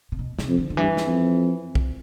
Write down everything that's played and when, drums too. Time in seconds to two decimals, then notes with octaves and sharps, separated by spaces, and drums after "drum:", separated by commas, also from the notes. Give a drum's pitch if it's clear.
0.12 C3
0.19 B2
0.39 C3, drum: snare
0.48 F2
0.58 D3
0.70 D3
0.77 G2 E3
0.97 drum: snare
1.07 F2
1.75 drum: kick